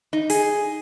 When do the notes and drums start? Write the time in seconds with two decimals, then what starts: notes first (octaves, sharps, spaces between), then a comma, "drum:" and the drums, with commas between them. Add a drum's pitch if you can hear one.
0.13 D#4
0.30 G#4, drum: open hi-hat